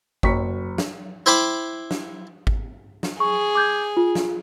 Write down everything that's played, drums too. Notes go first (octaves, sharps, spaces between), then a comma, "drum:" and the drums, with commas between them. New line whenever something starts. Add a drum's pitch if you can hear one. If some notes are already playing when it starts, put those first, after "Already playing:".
F#1 F#3 C#6 B6, drum: kick G#1
drum: snare
E4 C5 G5 B5 D6
drum: snare
drum: kick G#1
drum: snare
G#4 C#6
D6 G6 G#6
F4
drum: snare